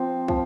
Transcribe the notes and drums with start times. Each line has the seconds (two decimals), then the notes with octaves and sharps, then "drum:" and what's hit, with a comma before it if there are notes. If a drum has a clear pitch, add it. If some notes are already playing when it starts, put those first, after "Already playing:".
Already playing: F3 C4
0.28 F3, drum: kick